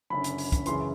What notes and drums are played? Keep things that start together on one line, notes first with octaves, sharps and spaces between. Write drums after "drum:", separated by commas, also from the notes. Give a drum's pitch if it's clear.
F#1 F#2 D3 B5
drum: hi-hat
drum: open hi-hat
drum: kick, hi-hat
F#2 C#3 E3 C6, drum: hi-hat